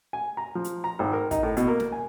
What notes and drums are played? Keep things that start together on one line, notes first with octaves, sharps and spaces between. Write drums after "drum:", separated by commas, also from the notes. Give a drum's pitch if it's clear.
G#5
A#5
F3
drum: hi-hat
A#5
G#1
A#4
D#4, drum: kick, hi-hat
A2
B2, drum: hi-hat
A#3
drum: snare
G#5